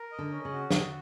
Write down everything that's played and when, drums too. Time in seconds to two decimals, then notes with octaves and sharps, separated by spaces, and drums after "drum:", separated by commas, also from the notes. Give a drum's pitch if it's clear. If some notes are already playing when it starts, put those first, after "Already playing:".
Already playing: A#4
0.12 D#5
0.19 D3
0.31 C#4
0.45 C#3
0.52 F#4
0.71 D3 D#5, drum: snare